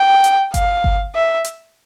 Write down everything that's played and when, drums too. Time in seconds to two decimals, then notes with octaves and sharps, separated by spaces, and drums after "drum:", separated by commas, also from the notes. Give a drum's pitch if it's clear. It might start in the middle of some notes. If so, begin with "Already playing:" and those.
Already playing: G5
0.24 drum: hi-hat
0.54 F5, drum: kick G1, hi-hat
0.84 drum: kick G1
1.15 E5
1.44 drum: hi-hat